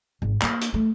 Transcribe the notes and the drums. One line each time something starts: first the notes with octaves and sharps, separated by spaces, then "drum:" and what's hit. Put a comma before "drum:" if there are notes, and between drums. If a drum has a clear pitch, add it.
G#1
A#3, drum: clap
drum: hi-hat
A3